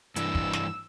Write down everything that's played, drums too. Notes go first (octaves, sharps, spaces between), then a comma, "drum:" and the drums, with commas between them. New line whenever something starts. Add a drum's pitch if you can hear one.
G2 E3 D4 E6, drum: hi-hat
drum: kick
drum: snare